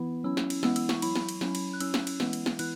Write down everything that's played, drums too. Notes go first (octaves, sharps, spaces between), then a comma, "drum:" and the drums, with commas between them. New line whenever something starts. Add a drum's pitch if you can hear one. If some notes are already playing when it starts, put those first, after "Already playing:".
Already playing: E3 B3 E4
F#3 C#4 E4 E6
drum: snare
drum: cymbal
E3 G#3 B3 E4 E6, drum: snare
E6, drum: cymbal
C#6, drum: snare
F#3 E4 B5, drum: cymbal
drum: snare
drum: cymbal
F#3 C#4 E4, drum: snare
drum: cymbal
F#6
F#3 C#4 E4 E6, drum: cymbal
drum: snare
drum: cymbal
E3 G#3 B3 E4, drum: snare
drum: cymbal
drum: snare
E3 B3 E4 F#6, drum: cymbal